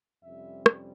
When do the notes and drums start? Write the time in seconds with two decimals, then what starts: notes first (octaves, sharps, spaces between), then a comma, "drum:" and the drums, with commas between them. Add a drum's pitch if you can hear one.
0.24 F2 C3 G3 C#4 E5
0.66 drum: rim click